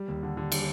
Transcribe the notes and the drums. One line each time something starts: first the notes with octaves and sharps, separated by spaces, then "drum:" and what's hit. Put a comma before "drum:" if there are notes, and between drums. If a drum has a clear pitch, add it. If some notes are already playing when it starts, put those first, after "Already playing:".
Already playing: G3
D#2
D3
D3
G3, drum: cymbal